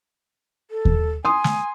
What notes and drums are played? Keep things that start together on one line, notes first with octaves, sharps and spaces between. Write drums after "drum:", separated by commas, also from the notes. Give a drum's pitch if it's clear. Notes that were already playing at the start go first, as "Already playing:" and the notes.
A4
drum: kick D#2
G#5 C6 D#6
drum: snare